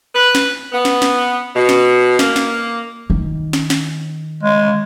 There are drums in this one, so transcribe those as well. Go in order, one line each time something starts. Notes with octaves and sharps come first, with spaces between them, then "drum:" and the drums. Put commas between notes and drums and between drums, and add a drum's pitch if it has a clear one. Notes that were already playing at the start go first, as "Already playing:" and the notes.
B4
drum: snare
B3
drum: snare
drum: snare
B2
drum: snare
A#3, drum: snare
drum: snare
D#3
drum: snare
drum: snare
G#3